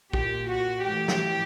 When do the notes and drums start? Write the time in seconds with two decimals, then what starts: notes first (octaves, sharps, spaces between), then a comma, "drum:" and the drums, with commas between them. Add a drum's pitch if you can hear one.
0.13 A#2 G4, drum: kick
0.49 F#4
0.85 A2 E3 G4
1.08 drum: snare